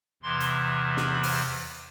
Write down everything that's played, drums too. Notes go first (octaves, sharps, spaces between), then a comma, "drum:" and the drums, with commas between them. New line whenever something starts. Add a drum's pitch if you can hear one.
E2 C3 E3 C6
drum: hi-hat
B5, drum: snare
drum: open hi-hat